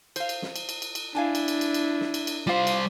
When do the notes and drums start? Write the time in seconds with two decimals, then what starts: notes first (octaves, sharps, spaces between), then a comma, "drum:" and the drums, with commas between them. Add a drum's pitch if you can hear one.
0.16 C5 F5, drum: cymbal
0.29 drum: cymbal
0.42 drum: snare
0.56 drum: cymbal
0.69 drum: cymbal
0.82 drum: cymbal
0.95 drum: cymbal
1.15 D4 E4 F5 G#5 A5
1.35 drum: cymbal
1.48 drum: cymbal
1.61 drum: cymbal
1.74 drum: cymbal
2.01 drum: snare
2.14 drum: cymbal
2.27 drum: cymbal
2.47 G3 F4 C5 F5
2.67 drum: cymbal